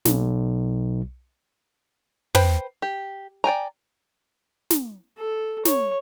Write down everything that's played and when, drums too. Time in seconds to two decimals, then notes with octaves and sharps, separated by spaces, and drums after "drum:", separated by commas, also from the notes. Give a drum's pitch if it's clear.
0.05 B1, drum: snare
2.35 B4 C5 G5 B5, drum: tom
2.82 G4
3.44 D5 G5 G#5 A#5
4.70 drum: snare
5.18 A4
5.65 C#5, drum: snare